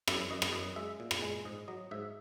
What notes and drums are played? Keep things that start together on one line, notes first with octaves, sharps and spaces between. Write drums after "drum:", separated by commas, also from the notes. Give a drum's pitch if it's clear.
F#2 E5, drum: rim click
F#2 D#5
drum: rim click
F#2 D#5
G#3 E5
A#2
drum: rim click
G#3
G#2 D#5
F#3 D#5
G#2 E5